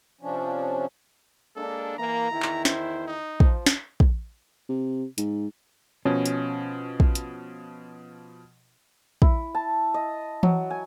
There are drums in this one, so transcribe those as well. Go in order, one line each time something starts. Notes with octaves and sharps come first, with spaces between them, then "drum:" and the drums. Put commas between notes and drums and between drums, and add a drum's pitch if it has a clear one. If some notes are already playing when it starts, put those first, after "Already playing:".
C3 F3 C#4 D4
G#3 A#3 D4 A4
E3 A#3 A#5
E2 D#3 E4
drum: clap
C5, drum: snare
D#4
F3, drum: kick
drum: snare
drum: kick
C3
G#2, drum: hi-hat
B2 F3 C#4
drum: hi-hat
drum: kick
drum: hi-hat
E4, drum: kick
A5
D#5
F#3, drum: tom E3
G#5